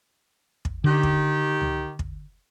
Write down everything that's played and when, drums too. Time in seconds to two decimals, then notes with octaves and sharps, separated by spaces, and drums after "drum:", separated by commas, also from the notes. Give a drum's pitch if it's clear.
0.65 drum: kick
0.84 D3 D#3 G4
1.03 drum: kick
1.61 drum: tom C#2
1.99 drum: kick